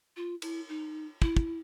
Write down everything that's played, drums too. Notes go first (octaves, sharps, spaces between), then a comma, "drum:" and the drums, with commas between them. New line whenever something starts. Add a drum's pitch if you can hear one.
F4
E4, drum: cymbal
D#4
E4, drum: kick
drum: kick